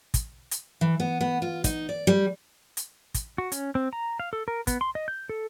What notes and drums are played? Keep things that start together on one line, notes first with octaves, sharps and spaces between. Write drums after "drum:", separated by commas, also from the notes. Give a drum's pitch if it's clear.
drum: kick, hi-hat
drum: hi-hat
E3
B3
B3
F4
D#4, drum: kick, hi-hat
D5
G3
drum: hi-hat
drum: kick, hi-hat
F#4
C#4, drum: hi-hat
C4
A#5
F5
A4
A#4
B3, drum: kick, hi-hat
C6
D#5
G6
A4